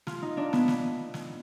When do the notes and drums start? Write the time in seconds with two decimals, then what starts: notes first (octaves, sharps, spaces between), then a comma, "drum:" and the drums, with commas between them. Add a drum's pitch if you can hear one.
0.07 F4, drum: snare
0.22 D#4
0.37 D4
0.53 B3, drum: snare
0.68 drum: snare
1.14 drum: snare